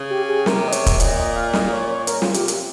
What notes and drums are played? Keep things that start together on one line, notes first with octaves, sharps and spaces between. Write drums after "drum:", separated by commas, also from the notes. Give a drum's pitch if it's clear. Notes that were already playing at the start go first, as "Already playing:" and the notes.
Already playing: C#3
G4
G#4
C3 A#4, drum: snare
D#5
C#5, drum: hi-hat
drum: kick, hi-hat
A#2 D#5, drum: hi-hat
D#5
F5
D#5, drum: snare
C#5
C#5
A#2 A#4, drum: hi-hat
F4, drum: snare
A#2
C3 G4, drum: hi-hat
drum: hi-hat